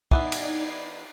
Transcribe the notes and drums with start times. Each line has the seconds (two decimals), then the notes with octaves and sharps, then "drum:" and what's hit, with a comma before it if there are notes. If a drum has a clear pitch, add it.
0.11 E3 B3 D#4 E4 D5 C7, drum: kick
0.32 drum: cymbal